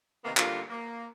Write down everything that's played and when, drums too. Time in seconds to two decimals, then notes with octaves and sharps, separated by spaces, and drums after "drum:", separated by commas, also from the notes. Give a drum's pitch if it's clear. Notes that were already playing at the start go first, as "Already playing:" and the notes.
0.23 C3 D#3 A#3 B3
0.37 D3 G3 A#3 F4, drum: clap
0.70 A#3